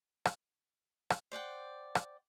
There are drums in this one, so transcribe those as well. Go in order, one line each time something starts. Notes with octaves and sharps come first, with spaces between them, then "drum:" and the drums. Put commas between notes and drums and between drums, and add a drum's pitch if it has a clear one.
drum: rim click
drum: rim click
C5 D5 F#5 G5
drum: rim click